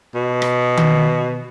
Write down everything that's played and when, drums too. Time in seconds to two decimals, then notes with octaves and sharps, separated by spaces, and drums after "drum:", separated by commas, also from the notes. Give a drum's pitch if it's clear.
0.15 B2
0.42 drum: rim click
0.77 drum: tom D#3